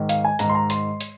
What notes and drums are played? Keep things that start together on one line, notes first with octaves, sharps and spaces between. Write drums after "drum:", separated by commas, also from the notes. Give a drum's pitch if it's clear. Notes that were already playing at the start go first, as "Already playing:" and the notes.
Already playing: G#2 D#3
F5, drum: hi-hat
G#5
G#2 D#3 A#5, drum: hi-hat
C6
A#5
C6, drum: hi-hat
drum: hi-hat